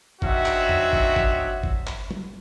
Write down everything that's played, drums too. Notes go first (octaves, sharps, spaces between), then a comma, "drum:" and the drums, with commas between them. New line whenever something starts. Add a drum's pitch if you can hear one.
C4 D4 D#4 F#4 C#5 E5, drum: kick
drum: clap
drum: tom
drum: kick
drum: kick
drum: kick
drum: clap
drum: tom